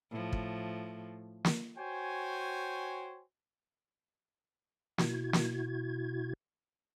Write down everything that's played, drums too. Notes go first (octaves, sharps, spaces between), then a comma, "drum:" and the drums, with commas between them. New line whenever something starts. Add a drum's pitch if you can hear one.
A2 F3
drum: kick
drum: snare
F#4 C5 C#5 G5 G#5
B2 E4 F#4 G#6, drum: snare
drum: snare